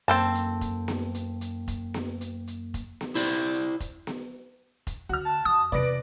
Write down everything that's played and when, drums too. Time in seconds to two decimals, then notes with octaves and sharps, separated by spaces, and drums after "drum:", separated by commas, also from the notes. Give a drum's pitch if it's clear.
0.08 F#2 A#3 C4 A4 A5, drum: hi-hat
0.35 drum: hi-hat
0.61 drum: kick F1, hi-hat
0.88 drum: snare B3
1.14 drum: hi-hat
1.41 drum: hi-hat
1.68 drum: kick F1, hi-hat
1.94 drum: snare B3
2.21 drum: hi-hat
2.47 drum: hi-hat
2.74 drum: kick F1, hi-hat
3.01 drum: snare B3
3.15 E4 C5 D5
3.27 drum: hi-hat
3.54 drum: hi-hat
3.80 drum: kick F1, hi-hat
4.07 drum: snare B3
4.87 drum: kick F1, hi-hat
5.09 D2 F#4 F6
5.25 A5
5.45 F2 D#6
5.72 E2 C3 B4 D5 A#6 D7